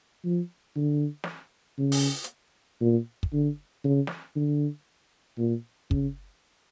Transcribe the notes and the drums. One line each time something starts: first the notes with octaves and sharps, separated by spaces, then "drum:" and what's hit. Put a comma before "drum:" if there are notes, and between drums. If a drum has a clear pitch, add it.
F3
D3
drum: snare
C#3
drum: open hi-hat
drum: hi-hat
A#2
drum: kick
D3
C#3
drum: snare
D3
A#2
C#3, drum: kick